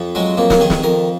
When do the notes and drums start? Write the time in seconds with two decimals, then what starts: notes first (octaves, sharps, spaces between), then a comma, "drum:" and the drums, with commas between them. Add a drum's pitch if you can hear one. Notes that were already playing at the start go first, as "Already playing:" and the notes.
Already playing: F2
0.15 F#3 G#3
0.37 F2 A#3
0.50 A#4, drum: snare
0.60 D#3 G#4
0.70 drum: snare
0.83 F2 A#4